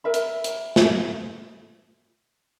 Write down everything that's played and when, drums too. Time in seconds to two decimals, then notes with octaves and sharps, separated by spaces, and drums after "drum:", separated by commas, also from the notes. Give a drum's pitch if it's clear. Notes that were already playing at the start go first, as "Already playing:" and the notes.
0.04 A#4 E5 B5
0.14 drum: hi-hat
0.44 drum: hi-hat
0.76 drum: snare